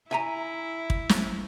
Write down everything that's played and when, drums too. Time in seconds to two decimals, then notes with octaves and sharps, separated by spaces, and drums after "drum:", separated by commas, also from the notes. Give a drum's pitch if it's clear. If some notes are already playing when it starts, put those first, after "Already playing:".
0.11 E4 E5 G#5 A#5
0.90 drum: kick
1.09 drum: snare